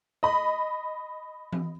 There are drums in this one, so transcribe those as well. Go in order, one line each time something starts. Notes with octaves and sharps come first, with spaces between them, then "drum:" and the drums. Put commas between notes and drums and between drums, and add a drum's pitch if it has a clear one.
D#5 B5
drum: tom E3